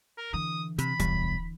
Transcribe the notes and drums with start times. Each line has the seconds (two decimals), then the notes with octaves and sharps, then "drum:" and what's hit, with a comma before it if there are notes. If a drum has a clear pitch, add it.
0.17 A#4
0.33 D3 E3 D#6
0.78 C3 B5, drum: hi-hat
0.99 B1 E2 G3, drum: kick D1, hi-hat